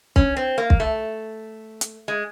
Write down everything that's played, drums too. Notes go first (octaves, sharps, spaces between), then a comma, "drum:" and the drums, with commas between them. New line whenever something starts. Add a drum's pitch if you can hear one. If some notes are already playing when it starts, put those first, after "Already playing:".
C#4, drum: kick
C4
A#3
drum: kick
A3
drum: hi-hat
G#3